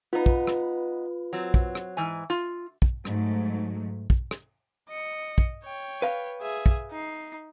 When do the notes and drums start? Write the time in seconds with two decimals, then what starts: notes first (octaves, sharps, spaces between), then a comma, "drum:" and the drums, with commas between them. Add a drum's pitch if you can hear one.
0.13 B3 D#4 F4 B4
0.26 drum: kick
0.47 drum: rim click
1.33 F#3 C4
1.54 drum: kick
1.75 drum: rim click
1.97 G#2 E3 G#5
2.30 F4
2.82 drum: kick
3.05 G#2 F#3 A3, drum: rim click
4.10 drum: kick
4.31 drum: rim click
4.89 D#5 C#7
5.38 drum: kick
5.64 C#5 G5
6.02 B4 F5
6.41 G#4 E5
6.66 drum: kick
6.91 D#4 C7